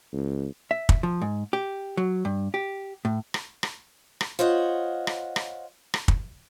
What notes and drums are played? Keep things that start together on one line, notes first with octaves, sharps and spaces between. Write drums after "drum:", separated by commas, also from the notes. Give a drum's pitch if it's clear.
C#2
E5
drum: kick
F3
G#2
G4
F#3
G2
G4
A2
drum: rim click
drum: rim click
drum: rim click
F4 C5 C#5 D#5 F#5
drum: rim click
drum: rim click
drum: rim click
drum: kick